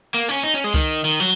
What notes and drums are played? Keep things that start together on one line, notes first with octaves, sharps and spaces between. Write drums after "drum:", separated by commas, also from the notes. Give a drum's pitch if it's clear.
A#3
C#4
D#4
C#4
G#3
D#3, drum: kick C2
D#3
F#3